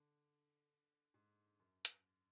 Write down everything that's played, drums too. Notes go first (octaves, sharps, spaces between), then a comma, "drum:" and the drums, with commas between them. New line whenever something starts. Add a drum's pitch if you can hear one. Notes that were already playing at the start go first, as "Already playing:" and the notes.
Already playing: D3
G#2
F#2
drum: hi-hat